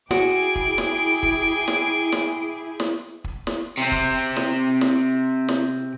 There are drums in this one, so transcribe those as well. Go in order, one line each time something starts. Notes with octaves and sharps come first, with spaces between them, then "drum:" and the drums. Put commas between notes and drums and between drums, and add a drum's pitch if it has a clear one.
E4 F#4 G#4 G5 G#5 D6 D7, drum: snare
drum: kick
drum: snare
drum: kick
drum: snare
drum: snare
drum: snare
drum: kick
drum: snare
C3 C4
drum: kick
drum: snare
drum: snare
drum: snare